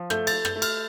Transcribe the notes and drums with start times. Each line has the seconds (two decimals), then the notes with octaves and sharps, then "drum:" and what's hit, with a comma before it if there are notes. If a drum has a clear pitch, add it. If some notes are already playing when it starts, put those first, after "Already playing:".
Already playing: F3
0.10 A3 G6, drum: rim click
0.27 A6, drum: cymbal
0.33 A3
0.45 G6, drum: rim click
0.56 A3
0.62 F6, drum: cymbal